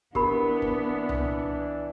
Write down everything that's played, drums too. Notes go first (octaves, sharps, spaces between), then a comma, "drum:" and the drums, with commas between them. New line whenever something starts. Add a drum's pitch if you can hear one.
E3 B3 D4 G4 A#4 B5, drum: kick
drum: kick
drum: tom C2